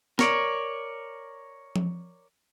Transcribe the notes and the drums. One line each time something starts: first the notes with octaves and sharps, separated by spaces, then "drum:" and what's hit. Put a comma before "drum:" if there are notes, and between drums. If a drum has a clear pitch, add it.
A#4 C#5 D5, drum: snare
drum: tom F3